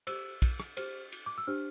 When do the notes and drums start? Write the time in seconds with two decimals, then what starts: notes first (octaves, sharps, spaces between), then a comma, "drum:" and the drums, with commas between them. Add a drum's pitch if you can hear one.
0.07 G4 C5 E6, drum: cymbal
0.42 drum: kick, cymbal
0.60 drum: rim click
0.77 G4 C5 F6, drum: cymbal
1.12 drum: cymbal
1.26 D6
1.38 E6
1.47 D4 G4 C5 F6